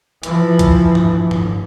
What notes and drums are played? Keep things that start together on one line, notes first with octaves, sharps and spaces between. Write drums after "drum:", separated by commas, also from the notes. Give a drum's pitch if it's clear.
E3 F3, drum: hi-hat
drum: kick B1, hi-hat
drum: tom G2
drum: tom G2